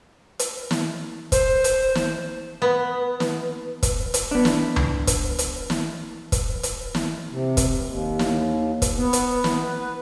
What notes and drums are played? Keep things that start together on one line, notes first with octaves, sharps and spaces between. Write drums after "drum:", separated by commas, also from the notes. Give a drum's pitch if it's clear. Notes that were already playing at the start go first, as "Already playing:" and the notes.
drum: hi-hat
drum: snare
C5, drum: kick, hi-hat
drum: hi-hat
drum: snare
B3
drum: snare
drum: kick, hi-hat
drum: hi-hat
B3 D4
drum: snare
drum: tom C#2
drum: kick, hi-hat
drum: hi-hat
drum: snare
drum: kick, hi-hat
drum: hi-hat
drum: snare
C3
drum: kick, hi-hat
D#2
drum: snare
drum: kick, hi-hat
B3
drum: hi-hat
drum: snare
B4